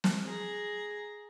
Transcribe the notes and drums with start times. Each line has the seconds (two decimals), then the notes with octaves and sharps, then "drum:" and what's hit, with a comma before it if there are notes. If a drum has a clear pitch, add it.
0.04 drum: snare
0.25 G#4 A#5